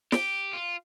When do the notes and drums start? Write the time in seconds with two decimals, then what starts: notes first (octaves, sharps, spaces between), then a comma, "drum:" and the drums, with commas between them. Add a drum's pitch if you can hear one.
0.12 G4, drum: snare
0.53 F4